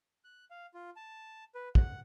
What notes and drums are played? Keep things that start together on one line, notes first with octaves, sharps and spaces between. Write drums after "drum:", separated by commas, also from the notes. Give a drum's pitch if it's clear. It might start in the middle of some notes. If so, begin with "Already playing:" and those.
F#6
F5
F4
A5
B4
F#5, drum: kick